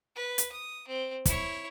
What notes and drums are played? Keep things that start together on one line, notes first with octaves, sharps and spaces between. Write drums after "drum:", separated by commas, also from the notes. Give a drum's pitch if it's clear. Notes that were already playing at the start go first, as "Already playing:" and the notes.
B4
drum: hi-hat
D#6
C4
E4 C#5, drum: kick, hi-hat